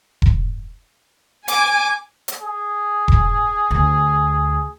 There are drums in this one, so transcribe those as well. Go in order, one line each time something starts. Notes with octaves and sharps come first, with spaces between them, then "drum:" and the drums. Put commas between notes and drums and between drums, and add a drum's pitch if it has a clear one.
drum: kick E1
G#5 D6, drum: hi-hat
drum: hi-hat
G#4
drum: kick E1
D2